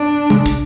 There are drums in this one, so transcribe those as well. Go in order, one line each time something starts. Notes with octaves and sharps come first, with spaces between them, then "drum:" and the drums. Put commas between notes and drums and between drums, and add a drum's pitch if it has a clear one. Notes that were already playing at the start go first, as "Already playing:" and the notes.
Already playing: D4
G#3, drum: tom C3
drum: kick